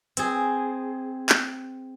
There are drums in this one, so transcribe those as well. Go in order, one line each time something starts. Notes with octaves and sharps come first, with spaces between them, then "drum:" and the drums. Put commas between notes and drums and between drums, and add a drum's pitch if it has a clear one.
C4 G#4, drum: hi-hat
drum: clap